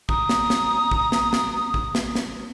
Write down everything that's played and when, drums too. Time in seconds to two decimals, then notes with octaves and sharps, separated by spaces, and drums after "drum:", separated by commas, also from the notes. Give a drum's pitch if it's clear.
0.09 A#5 D#6, drum: kick
0.29 drum: snare
0.50 drum: snare
0.91 drum: kick
1.12 drum: snare
1.33 drum: snare
1.74 drum: kick
1.95 drum: snare
2.15 drum: snare